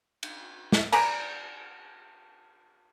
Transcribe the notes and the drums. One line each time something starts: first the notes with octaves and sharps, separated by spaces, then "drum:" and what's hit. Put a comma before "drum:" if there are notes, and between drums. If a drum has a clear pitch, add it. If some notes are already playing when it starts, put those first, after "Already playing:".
drum: cymbal
drum: snare
B4 D5 G#5 A#5, drum: cymbal